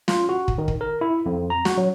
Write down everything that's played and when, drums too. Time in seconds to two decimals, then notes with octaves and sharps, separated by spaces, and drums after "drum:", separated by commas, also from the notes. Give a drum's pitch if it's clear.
0.08 F4, drum: snare
0.29 F#4
0.48 drum: kick
0.58 D#3
0.68 drum: kick
0.81 A#4
1.01 E4
1.26 F2
1.50 A#5
1.65 F#4, drum: snare
1.77 F#3